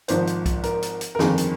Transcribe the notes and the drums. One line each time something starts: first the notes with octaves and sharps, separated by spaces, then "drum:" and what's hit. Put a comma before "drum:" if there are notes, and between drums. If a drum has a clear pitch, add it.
G#1 G#2 F3 C5, drum: hi-hat
drum: hi-hat
drum: kick, hi-hat
A#4, drum: hi-hat
drum: hi-hat
drum: hi-hat
A#4
G1 F2 D#3 G#4, drum: snare
drum: hi-hat